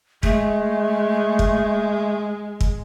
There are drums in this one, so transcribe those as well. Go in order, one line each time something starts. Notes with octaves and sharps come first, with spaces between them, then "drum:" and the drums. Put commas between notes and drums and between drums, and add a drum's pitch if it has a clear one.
G#3 A3, drum: kick
drum: kick
drum: kick